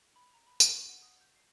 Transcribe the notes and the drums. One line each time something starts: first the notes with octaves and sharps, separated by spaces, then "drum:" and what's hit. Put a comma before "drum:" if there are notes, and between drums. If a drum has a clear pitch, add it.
B5
A#5
B5
B4, drum: tambourine
C#6
F#5
D#6
G6
C7